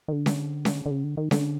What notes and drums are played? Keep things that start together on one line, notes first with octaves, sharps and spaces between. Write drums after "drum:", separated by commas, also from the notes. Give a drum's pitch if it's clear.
D#3
D3
drum: snare C#4
drum: snare C#4
D3
C#3
D3
D#3
D3, drum: snare C#4